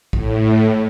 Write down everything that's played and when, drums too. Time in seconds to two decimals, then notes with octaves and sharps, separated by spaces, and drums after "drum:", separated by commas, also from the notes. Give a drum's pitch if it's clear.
0.13 A2, drum: kick A#1